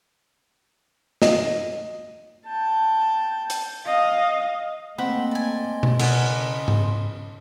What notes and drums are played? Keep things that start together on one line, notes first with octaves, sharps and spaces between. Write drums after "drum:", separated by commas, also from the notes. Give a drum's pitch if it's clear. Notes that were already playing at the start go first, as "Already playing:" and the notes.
D#5, drum: snare
G5 A5
drum: hi-hat
D#5 F5
A3 A#3 C4 D#5 F#5 B5 C6 D6
D5 G#5
drum: tom B2
C#3 A#4 B4 D5 F#5 G#5, drum: cymbal
drum: tom G#2